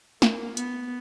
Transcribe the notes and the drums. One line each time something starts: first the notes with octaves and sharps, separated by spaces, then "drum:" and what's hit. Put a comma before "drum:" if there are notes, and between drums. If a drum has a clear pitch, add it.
A#3, drum: snare
B3, drum: hi-hat